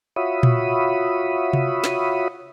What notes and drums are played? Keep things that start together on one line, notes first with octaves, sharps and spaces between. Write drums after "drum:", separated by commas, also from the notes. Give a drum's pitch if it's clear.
F4 F#4 C#5 E5 B5 D#6
drum: tom A#2
drum: tom C3
drum: snare